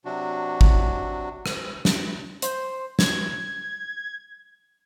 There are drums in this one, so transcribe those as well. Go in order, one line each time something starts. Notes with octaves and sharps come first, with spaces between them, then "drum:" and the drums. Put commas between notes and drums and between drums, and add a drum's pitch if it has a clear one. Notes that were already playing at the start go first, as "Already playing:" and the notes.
C3 F#3 D4 F#4
drum: kick G#1
drum: rim click
drum: snare
C5, drum: hi-hat
G#6, drum: snare